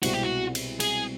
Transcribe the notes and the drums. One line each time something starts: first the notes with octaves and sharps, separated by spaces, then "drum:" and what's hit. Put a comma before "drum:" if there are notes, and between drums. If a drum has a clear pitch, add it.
C2 B2 G#3 C4 E4 F#4, drum: cymbal
G4
F#4
drum: cymbal
G#4, drum: cymbal